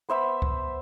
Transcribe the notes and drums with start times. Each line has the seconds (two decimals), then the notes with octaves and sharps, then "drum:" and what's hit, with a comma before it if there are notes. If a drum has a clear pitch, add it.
0.09 B3 C5 E5 B5
0.42 drum: kick C#2